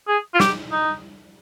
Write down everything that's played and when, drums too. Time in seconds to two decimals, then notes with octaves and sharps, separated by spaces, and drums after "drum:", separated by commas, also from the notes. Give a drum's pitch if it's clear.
0.08 G#4
0.34 F4
0.40 G4, drum: snare
0.72 D#4